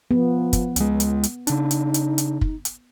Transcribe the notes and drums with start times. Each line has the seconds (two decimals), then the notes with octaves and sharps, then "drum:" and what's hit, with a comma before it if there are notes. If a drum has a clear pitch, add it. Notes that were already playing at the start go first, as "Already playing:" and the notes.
0.11 F3 B3
0.53 drum: kick, hi-hat
0.76 C#2 G#3, drum: hi-hat
1.00 drum: hi-hat
1.23 drum: hi-hat
1.47 C#3 D4 D#4, drum: hi-hat
1.71 drum: hi-hat
1.94 drum: hi-hat
2.18 drum: hi-hat
2.41 drum: kick
2.65 drum: hi-hat